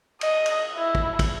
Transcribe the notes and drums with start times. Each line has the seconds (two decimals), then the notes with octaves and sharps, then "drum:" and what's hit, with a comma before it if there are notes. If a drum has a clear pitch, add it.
0.21 D#5, drum: cymbal
0.46 drum: cymbal
0.76 E4
0.95 drum: kick
1.19 drum: kick, cymbal